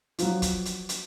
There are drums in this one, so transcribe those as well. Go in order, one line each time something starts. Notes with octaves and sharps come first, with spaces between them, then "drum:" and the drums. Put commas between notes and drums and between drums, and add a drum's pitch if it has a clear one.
F3 F#3, drum: hi-hat
drum: kick, hi-hat
drum: hi-hat
drum: hi-hat